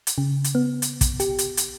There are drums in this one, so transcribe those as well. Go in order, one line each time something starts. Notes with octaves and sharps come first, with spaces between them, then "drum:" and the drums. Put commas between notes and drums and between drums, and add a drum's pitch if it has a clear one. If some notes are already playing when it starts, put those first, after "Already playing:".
drum: hi-hat
C#3
drum: hi-hat
B3
drum: hi-hat
drum: kick, hi-hat
G4, drum: hi-hat
drum: hi-hat
drum: hi-hat